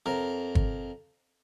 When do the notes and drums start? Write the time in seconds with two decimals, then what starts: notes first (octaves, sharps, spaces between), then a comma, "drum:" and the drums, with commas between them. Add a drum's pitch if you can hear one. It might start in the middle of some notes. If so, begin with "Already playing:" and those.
0.06 F2 A#4
0.55 drum: kick